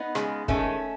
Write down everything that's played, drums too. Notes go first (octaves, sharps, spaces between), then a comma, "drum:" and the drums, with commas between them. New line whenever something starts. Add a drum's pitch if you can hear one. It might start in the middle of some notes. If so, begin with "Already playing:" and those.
Already playing: B3 D#4
C#3 G#3, drum: rim click
D#3 G#3 A3 C#4, drum: kick